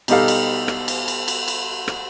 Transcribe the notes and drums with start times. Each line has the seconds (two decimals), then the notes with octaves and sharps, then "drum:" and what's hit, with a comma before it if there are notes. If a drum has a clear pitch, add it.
0.08 B2 G3 D#4 G4 A4 F5, drum: cymbal
0.28 drum: cymbal
0.68 drum: rim click
0.88 drum: cymbal
1.08 drum: cymbal
1.28 drum: cymbal
1.48 drum: cymbal
1.88 drum: rim click